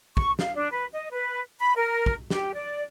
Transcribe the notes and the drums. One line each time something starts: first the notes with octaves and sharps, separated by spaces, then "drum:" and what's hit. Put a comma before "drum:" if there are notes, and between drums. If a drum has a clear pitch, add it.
C#6, drum: kick
F5, drum: snare
D4
B4
D#5
B4
B5
A#4
drum: kick
G4, drum: snare
D5